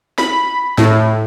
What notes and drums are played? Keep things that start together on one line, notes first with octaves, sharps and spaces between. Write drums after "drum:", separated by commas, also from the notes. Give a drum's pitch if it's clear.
B5, drum: snare
A2, drum: snare